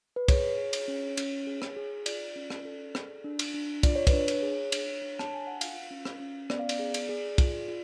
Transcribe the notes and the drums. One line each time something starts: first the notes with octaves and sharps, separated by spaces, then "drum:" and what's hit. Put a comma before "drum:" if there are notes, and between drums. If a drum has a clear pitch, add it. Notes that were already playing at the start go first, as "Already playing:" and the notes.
B4
G#4 C#5, drum: kick, cymbal
G#4
drum: cymbal
C#4
C#4, drum: cymbal
G#4
drum: rim click
G#4
F4 D5, drum: cymbal
C#4
drum: rim click
A4
G#4, drum: rim click
D4
drum: cymbal
D4
F4 D5, drum: kick, cymbal
C#5
B4, drum: kick, cymbal
D4 C#5
drum: cymbal
G#4
D4, drum: cymbal
D4
A5, drum: rim click
D4 G#5
F#5
F4 F5, drum: cymbal
C#4
drum: rim click
C#4
B3 D5, drum: rim click
F5
D5, drum: cymbal
G#4
drum: cymbal
G#4
F4, drum: kick, cymbal
F4